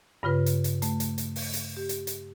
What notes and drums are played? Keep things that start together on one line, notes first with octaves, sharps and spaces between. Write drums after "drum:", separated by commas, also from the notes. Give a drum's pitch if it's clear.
G2 C#3 F4 B4
drum: hi-hat
drum: hi-hat
A3, drum: hi-hat
drum: hi-hat
drum: hi-hat
drum: open hi-hat
drum: hi-hat
G4
drum: hi-hat
drum: hi-hat